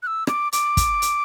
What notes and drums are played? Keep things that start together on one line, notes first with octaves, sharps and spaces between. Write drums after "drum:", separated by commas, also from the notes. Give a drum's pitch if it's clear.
F#6
E6
D6, drum: rim click
D6, drum: hi-hat
drum: kick, hi-hat
drum: hi-hat